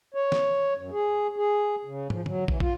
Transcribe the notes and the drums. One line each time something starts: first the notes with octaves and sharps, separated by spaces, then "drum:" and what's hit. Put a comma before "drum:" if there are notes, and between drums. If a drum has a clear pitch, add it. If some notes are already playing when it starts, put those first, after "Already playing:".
C#5
drum: snare
F#2
G#4
G#4
C#3
F3, drum: tom
F#3, drum: tom
E3, drum: kick
F4, drum: kick